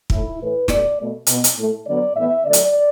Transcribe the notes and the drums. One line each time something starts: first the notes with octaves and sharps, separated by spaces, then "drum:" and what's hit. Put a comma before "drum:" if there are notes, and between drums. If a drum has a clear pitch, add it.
A2 A3 E4, drum: kick
A2 E3 A3 B4
B2 A3 D5, drum: snare
B2 A3
B2 B3, drum: hi-hat
drum: hi-hat
A2 A3
D3 F#3 B3 D5
A2 E3 B3 E5
D3 F#3 A3 D5
drum: hi-hat